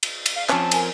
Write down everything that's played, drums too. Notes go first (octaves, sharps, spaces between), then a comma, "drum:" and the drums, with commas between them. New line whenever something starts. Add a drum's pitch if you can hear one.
drum: cymbal
drum: cymbal
F5
F3 C4 C#4 A5, drum: clap
A#4 G#5, drum: cymbal